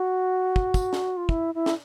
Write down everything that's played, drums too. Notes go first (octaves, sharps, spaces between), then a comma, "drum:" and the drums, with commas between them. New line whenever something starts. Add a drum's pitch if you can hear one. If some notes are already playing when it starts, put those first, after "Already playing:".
Already playing: F#4
drum: kick
drum: kick, tambourine
drum: snare
F4
E4, drum: kick
E4
drum: snare